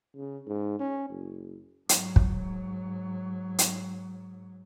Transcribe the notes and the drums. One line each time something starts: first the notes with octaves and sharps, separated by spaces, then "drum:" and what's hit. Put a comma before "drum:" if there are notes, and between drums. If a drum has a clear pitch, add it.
C#3
G#2
C#4
F#1
G#2 F#3, drum: hi-hat
drum: kick
drum: hi-hat